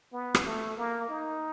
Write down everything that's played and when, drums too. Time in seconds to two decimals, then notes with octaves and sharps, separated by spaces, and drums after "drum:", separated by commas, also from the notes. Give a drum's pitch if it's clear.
0.13 B3
0.35 drum: rim click
0.45 A3
0.77 A#3
1.09 D#4